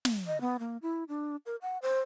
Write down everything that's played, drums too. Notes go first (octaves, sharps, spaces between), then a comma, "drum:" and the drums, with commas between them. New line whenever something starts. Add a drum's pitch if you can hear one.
drum: snare
D#5
B3
A#3
E4
D4
A#4
F#5
C5